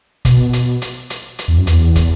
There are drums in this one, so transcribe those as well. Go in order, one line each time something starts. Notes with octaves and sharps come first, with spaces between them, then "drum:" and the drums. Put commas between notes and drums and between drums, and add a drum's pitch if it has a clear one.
B2, drum: kick, hi-hat
drum: hi-hat
drum: hi-hat
drum: hi-hat
drum: hi-hat
E2
F#2
E2, drum: hi-hat
drum: kick, hi-hat